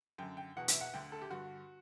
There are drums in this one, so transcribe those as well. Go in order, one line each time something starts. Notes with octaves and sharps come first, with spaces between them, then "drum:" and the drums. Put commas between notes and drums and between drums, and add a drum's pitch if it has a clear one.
F#2 D3 G5
G5
E2 B2 F#5
E5, drum: hi-hat
F#5
D2 D3 G5
A4
G4
G2 D3 F#4